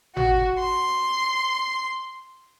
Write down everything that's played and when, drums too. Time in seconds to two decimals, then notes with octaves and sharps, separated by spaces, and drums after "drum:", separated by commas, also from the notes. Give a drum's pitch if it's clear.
0.17 F#4, drum: tom G#1
0.60 C6